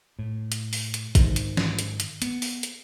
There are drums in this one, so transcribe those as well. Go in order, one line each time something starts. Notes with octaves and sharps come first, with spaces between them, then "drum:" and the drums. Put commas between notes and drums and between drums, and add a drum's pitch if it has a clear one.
A2
drum: hi-hat
drum: open hi-hat
drum: hi-hat
G#2 D#3, drum: kick A1, hi-hat
drum: hi-hat
drum: snare
drum: hi-hat
drum: hi-hat
B3, drum: hi-hat
drum: open hi-hat
drum: hi-hat